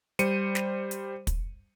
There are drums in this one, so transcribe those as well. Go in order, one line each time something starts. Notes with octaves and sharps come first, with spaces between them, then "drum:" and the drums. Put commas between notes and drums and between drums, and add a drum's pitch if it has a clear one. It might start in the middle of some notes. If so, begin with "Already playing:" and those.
G3 C5 C#7 D#7, drum: hi-hat
drum: snare
drum: hi-hat
drum: kick, hi-hat